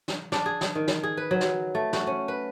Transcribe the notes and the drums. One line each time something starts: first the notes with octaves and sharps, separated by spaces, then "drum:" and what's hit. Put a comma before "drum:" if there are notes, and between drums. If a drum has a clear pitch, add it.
drum: snare
D4, drum: snare
G#4
drum: snare
D#3
drum: snare
G#4
B4
F#3
drum: snare
A3
F#4, drum: snare
C#4
B4